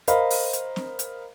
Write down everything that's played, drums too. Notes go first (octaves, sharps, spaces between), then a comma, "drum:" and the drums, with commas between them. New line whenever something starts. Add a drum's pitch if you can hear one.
A#4 C5 D#5 F5 B5, drum: hi-hat
drum: open hi-hat
drum: hi-hat
drum: snare C4
drum: hi-hat